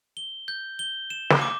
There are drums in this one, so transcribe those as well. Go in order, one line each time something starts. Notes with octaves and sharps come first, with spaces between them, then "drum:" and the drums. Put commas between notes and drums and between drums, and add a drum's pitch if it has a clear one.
G7
G6
G7
E7
drum: snare
D6